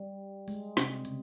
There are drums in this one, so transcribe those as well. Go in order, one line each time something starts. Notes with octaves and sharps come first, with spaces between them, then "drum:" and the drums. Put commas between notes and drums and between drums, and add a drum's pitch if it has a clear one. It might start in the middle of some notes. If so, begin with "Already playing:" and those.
Already playing: G3
G#3, drum: open hi-hat
C3, drum: snare
C#3, drum: hi-hat